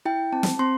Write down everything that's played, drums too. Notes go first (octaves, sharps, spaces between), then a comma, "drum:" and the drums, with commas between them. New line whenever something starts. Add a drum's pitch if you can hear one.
E4 G5
C4 A5
drum: snare
C4 C6